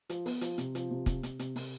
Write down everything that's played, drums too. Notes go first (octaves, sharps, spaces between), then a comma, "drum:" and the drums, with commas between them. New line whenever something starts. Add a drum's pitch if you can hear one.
F3, drum: hi-hat
B3, drum: open hi-hat
F3, drum: hi-hat
C3, drum: hi-hat
F3, drum: hi-hat
C3
C3, drum: kick, hi-hat
C3, drum: hi-hat
C3, drum: hi-hat
C3, drum: open hi-hat